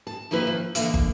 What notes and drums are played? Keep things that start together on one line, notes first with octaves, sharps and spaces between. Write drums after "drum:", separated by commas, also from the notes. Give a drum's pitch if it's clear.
A5
D#3 F3 A#3 E4 B4
F3
D3 E3 G#3 A#3, drum: hi-hat
drum: kick